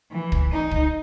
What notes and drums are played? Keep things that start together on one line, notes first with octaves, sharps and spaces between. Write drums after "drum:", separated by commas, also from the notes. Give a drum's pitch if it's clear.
E3
drum: kick
D#4
drum: kick